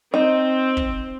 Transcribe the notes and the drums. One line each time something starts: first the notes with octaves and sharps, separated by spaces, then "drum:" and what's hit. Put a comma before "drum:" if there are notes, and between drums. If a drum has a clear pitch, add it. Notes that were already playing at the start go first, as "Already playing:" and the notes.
C4 D#4
drum: kick